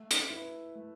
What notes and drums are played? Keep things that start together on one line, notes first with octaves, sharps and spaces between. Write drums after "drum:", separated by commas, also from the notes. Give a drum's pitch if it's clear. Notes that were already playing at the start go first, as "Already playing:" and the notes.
Already playing: A3
drum: hi-hat
E4 B4
A3